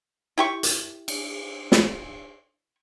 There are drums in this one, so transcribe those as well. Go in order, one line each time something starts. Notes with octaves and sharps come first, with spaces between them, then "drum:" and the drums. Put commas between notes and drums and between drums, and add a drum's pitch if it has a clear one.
E4 G4 C#6
drum: hi-hat
drum: cymbal
drum: snare